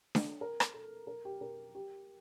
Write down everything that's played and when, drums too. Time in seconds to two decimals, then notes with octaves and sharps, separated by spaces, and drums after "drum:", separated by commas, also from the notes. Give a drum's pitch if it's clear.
0.15 drum: snare D4
0.41 A#4
0.60 drum: rim click
0.74 A4
1.07 A#4
1.25 G4
1.41 A#4
1.75 G4